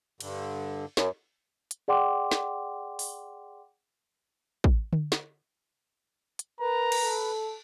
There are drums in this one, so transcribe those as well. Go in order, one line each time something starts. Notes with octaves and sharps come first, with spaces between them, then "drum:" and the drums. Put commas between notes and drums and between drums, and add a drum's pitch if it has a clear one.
G2 D3, drum: cymbal
F#2, drum: snare
drum: hi-hat
G#4 D5 F#5 G5 C6 D6
drum: snare
drum: open hi-hat
drum: kick
drum: tom D3
drum: snare
drum: hi-hat
A#4 B4 A#5
drum: cymbal
A4